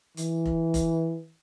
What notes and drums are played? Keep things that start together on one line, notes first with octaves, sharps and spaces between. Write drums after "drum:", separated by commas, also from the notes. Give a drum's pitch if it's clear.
E3, drum: hi-hat
drum: kick F1
drum: kick F1, hi-hat